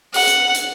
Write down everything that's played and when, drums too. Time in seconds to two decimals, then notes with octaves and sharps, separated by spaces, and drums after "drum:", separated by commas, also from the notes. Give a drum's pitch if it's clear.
0.14 F#5, drum: open hi-hat
0.28 drum: hi-hat
0.54 drum: hi-hat